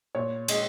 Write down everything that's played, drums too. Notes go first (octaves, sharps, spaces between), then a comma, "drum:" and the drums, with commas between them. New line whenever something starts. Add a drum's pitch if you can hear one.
A#2 C#5
G#3 D#5, drum: cymbal